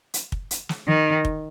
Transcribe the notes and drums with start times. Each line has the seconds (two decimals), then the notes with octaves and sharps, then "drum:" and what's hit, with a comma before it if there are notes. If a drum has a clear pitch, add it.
0.14 drum: hi-hat
0.32 drum: kick
0.51 drum: hi-hat
0.69 drum: snare
0.87 D#3
1.25 drum: kick